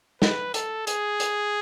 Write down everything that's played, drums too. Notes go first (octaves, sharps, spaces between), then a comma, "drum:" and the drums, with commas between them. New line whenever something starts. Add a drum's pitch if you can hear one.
B4, drum: snare
A4, drum: hi-hat
G#4, drum: hi-hat
drum: hi-hat